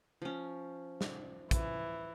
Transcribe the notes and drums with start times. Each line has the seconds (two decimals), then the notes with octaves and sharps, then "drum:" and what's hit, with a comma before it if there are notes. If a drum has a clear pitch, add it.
0.22 F3 C#4
1.01 drum: snare
1.51 E3, drum: kick, hi-hat